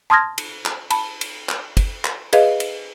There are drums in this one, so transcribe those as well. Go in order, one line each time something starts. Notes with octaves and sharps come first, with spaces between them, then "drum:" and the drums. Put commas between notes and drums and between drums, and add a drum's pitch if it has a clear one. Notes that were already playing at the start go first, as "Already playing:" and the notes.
A5 C6 D#6 F6 G#6 A#6
drum: cymbal
drum: clap
A5 B5, drum: cymbal
drum: cymbal
drum: clap
drum: kick, cymbal
drum: clap
G#4 B4 D#5 F5, drum: cymbal
drum: cymbal